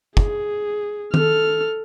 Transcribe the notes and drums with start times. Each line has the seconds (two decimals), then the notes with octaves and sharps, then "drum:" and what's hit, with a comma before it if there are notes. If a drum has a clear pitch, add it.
0.17 G#4, drum: kick
1.14 A4 F6, drum: tom D#3